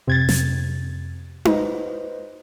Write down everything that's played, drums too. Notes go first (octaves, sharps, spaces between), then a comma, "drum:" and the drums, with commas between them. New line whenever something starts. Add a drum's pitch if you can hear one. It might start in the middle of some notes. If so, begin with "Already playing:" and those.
F2 C3 G#6 A6
drum: snare
B4 C5 D#5, drum: tom D#4